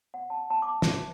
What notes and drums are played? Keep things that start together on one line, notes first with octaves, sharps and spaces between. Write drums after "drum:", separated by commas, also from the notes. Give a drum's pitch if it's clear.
F#5
A5
A5
D6
E5, drum: snare
B4